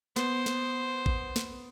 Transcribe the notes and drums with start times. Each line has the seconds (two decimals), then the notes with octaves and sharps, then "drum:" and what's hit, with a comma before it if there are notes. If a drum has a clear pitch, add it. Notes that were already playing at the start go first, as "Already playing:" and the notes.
0.16 B3 C5, drum: snare
0.46 drum: snare
1.06 drum: kick A1
1.36 drum: snare